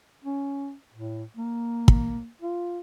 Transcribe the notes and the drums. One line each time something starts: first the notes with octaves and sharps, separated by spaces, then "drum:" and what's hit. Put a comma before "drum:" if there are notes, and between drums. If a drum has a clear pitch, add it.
C#4
A2
A#3
drum: kick
F4